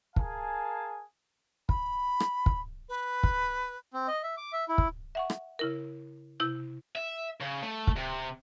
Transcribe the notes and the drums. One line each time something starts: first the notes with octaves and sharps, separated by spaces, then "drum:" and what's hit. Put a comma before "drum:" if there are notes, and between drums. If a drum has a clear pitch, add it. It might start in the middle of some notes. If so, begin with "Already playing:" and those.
G#4 A#4 F5 G#5 A5, drum: kick
B5, drum: kick
drum: rim click
drum: kick
B4
drum: kick
C4
D#5
E5
D6
E5
E4
drum: kick
E5 F#5 C#6
drum: rim click
C#3 E4 A#4
C3 E4 E6 G6
E5
C#3
A3
drum: kick
C3